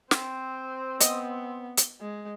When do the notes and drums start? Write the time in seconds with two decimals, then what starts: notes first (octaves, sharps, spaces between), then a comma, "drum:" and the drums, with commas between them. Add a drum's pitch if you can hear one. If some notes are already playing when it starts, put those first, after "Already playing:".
0.11 C4 C5, drum: snare
1.00 B3 D#5, drum: hi-hat
1.77 drum: hi-hat
2.01 G#3